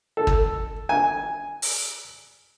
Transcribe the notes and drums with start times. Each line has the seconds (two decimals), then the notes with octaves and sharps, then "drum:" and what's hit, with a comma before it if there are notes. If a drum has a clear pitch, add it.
0.17 A4
0.27 drum: kick
0.89 G#5
1.62 drum: open hi-hat